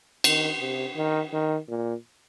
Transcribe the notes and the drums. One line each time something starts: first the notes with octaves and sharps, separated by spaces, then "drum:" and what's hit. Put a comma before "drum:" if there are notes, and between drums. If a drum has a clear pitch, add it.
D#3, drum: cymbal
C3
D#3
D#3
A#2